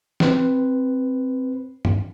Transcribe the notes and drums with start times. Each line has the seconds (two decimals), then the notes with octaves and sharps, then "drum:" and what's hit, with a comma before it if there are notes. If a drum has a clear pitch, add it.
0.20 C4 B4 C5, drum: snare
1.85 drum: tom G2